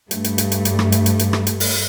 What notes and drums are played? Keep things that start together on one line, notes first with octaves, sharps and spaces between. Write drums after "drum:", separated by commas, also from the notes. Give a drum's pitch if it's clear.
G2 A3, drum: hi-hat
drum: hi-hat
drum: hi-hat
drum: hi-hat
drum: hi-hat
drum: rim click
drum: hi-hat
drum: hi-hat
drum: hi-hat
drum: rim click
drum: hi-hat
drum: open hi-hat